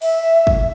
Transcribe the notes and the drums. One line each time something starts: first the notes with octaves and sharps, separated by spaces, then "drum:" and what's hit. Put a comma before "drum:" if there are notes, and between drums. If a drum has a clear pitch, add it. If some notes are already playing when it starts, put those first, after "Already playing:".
E5, drum: open hi-hat
drum: kick